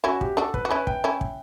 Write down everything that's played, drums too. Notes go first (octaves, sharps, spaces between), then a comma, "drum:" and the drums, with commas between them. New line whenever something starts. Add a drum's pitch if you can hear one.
C#4 E4 F#4
G4, drum: kick
D4 F#4 A4
B4, drum: kick
F#4
C#4 E4 B4
G5, drum: kick
C#4 E4
drum: kick